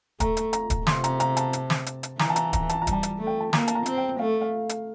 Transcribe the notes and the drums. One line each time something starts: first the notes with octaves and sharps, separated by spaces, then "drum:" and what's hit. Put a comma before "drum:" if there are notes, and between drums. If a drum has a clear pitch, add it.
A3 A#5, drum: kick, hi-hat
drum: hi-hat
A#5, drum: hi-hat
drum: kick, hi-hat
C3 C6, drum: snare
A#5, drum: hi-hat
A#5, drum: hi-hat
A5, drum: hi-hat
drum: hi-hat
drum: snare
drum: hi-hat
drum: hi-hat
E3 A#5, drum: snare
A5
A#5, drum: hi-hat
A#5, drum: kick, hi-hat
A5, drum: hi-hat
A#5
G3, drum: kick, hi-hat
A5
drum: hi-hat
A3
G5
A5
A#3 A#5, drum: snare
A5, drum: hi-hat
A#5
C4, drum: hi-hat
G5
A3 F5
F5
drum: hi-hat